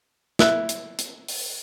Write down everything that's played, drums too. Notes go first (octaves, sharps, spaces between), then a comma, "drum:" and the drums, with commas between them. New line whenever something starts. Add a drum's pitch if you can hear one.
E4 E6 F#6, drum: snare
drum: hi-hat
drum: hi-hat
drum: open hi-hat